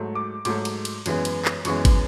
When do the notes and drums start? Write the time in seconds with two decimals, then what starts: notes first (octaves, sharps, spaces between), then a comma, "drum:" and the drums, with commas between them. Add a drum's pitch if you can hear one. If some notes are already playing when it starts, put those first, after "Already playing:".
Already playing: G#2 F#3 A3
0.15 D6
0.45 G#2 F#3 A3 D6, drum: cymbal
0.65 drum: cymbal
0.85 drum: cymbal
1.06 F#2 E3 G#3 B3, drum: cymbal
1.25 drum: cymbal
1.45 drum: clap
1.65 F#2 E3 G#3 B3 C#6, drum: cymbal
1.85 drum: kick, cymbal